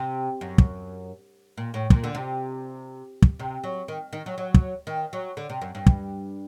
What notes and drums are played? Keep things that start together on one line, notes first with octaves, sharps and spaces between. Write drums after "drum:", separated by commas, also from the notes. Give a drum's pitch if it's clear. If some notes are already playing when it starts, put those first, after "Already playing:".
Already playing: C3
F#2
drum: kick
A#2
A2
A#2, drum: kick
D3
C3
drum: kick
C3
F#3
D#3
D#3
F#3
F#3
drum: kick
D#3
F#3
D3
C3
F#2
G2
drum: kick